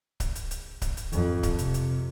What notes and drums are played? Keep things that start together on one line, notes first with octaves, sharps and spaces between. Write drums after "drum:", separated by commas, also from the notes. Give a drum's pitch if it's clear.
drum: kick C#1, hi-hat
drum: hi-hat
drum: hi-hat
drum: kick C#1, hi-hat
drum: hi-hat
F2, drum: hi-hat
drum: kick C#1, hi-hat
C3, drum: hi-hat
drum: hi-hat